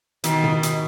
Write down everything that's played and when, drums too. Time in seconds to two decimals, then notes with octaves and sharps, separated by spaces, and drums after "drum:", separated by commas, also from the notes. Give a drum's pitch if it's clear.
0.24 B2 D#3, drum: hi-hat
0.44 drum: tom
0.63 drum: hi-hat